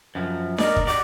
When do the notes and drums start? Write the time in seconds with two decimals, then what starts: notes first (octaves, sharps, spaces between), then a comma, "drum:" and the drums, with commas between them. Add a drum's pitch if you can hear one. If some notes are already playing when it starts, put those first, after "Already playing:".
0.15 F#2 F3
0.58 A#4 D5 D#5, drum: snare D4
0.76 drum: kick
0.87 F#4 D5 D6